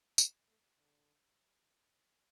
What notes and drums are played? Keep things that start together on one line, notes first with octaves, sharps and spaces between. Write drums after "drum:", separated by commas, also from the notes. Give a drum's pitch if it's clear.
A#3, drum: tambourine
A3
D3